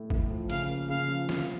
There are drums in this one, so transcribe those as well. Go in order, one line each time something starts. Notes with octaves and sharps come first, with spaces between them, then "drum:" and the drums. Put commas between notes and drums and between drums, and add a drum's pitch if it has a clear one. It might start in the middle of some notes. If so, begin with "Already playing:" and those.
Already playing: A2 A3
A2, drum: kick G#1
F3
C#3 F5, drum: hi-hat
A#3
C#3 F5
F3
C2, drum: snare